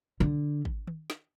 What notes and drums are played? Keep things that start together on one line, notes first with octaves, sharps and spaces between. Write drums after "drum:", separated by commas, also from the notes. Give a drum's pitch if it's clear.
D3
drum: kick
drum: tom D#3
drum: snare